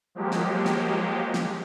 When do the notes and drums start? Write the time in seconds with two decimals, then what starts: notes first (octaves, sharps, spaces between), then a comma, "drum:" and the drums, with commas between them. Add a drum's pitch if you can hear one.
0.15 F3 F#3 G#3 A#3 G4
0.32 drum: snare
0.66 drum: snare
1.34 drum: snare